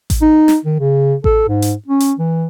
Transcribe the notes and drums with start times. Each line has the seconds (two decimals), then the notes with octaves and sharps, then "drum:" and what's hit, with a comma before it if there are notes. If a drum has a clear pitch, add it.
0.10 drum: kick A1, hi-hat
0.22 D#4
0.48 drum: snare
0.65 D#3
0.80 C#3
1.24 A4, drum: kick A1
1.48 G#2
1.62 drum: hi-hat
1.88 C#4
2.00 drum: hi-hat
2.19 E3